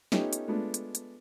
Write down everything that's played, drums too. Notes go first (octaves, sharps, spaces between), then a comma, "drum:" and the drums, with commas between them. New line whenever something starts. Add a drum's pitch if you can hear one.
A3 B3 C#4 D#4 F4 G4, drum: snare
drum: hi-hat
G#3 A3 B3 D4 F4
drum: hi-hat
drum: hi-hat